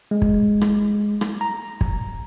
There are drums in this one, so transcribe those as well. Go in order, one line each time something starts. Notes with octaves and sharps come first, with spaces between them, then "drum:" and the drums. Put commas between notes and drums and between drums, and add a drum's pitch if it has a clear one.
G#3
drum: kick
drum: rim click
drum: rim click
A#5
drum: kick